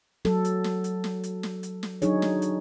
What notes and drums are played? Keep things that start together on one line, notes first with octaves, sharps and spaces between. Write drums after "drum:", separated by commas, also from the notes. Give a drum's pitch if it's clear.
F#3 A4, drum: snare
drum: hi-hat
drum: snare
drum: hi-hat
drum: snare
drum: hi-hat
drum: snare
drum: hi-hat
drum: snare
F#3 D4 D#4 G#4 C#5, drum: hi-hat
drum: snare
drum: hi-hat